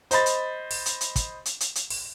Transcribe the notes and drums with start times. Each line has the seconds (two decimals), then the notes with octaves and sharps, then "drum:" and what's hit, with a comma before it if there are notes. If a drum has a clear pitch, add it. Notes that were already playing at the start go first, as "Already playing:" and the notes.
0.11 C5 D#5 B5 A6, drum: hi-hat
0.26 drum: hi-hat
0.71 drum: open hi-hat
0.86 drum: hi-hat
1.01 drum: hi-hat
1.16 drum: kick, hi-hat
1.46 drum: hi-hat
1.60 drum: hi-hat
1.75 drum: hi-hat
1.90 drum: open hi-hat